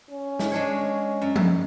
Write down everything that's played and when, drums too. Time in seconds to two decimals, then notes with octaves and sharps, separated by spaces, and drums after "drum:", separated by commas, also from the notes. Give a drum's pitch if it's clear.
0.10 C#4
0.39 drum: snare
0.52 G#3 D4 C#5
1.22 F#2
1.36 drum: tom F3